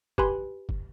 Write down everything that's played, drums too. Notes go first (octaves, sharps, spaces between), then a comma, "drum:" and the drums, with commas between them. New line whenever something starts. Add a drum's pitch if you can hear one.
G4 B4 G#5 B5 C6, drum: kick
drum: kick